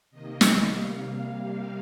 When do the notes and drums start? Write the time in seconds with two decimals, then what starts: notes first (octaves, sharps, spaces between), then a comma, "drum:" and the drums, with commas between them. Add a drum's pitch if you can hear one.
0.11 C3 D#3 A#3 D#5
0.41 C3 G3 A#3 F5, drum: snare